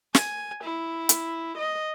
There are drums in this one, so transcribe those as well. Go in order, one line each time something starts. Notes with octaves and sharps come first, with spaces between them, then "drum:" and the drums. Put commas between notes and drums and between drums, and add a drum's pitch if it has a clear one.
G#5, drum: snare
E4
drum: hi-hat
D#5